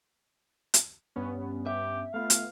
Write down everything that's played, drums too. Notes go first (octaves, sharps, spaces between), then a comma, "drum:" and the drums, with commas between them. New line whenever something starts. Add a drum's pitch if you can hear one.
drum: hi-hat
G2 B3 C#4
G4 E5
A3 B3 F4 F5
drum: hi-hat